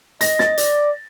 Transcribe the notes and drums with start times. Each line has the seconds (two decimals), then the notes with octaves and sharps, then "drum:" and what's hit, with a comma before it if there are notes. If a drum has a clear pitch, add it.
0.21 D#5 A#6, drum: hi-hat
0.39 A6, drum: snare
0.57 D5, drum: hi-hat